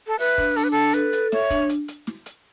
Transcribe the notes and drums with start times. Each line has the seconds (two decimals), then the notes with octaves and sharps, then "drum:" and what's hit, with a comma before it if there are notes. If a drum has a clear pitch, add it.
0.07 A4
0.19 B4 E5, drum: open hi-hat
0.38 D4, drum: kick, hi-hat
0.56 D4 A4, drum: open hi-hat
0.64 B4
0.71 D4 A4
0.94 A4 B4, drum: hi-hat
1.13 A4, drum: hi-hat
1.32 C#5 E5, drum: snare
1.50 D4, drum: kick, hi-hat
1.70 drum: hi-hat
1.88 drum: hi-hat
2.07 drum: snare
2.26 drum: hi-hat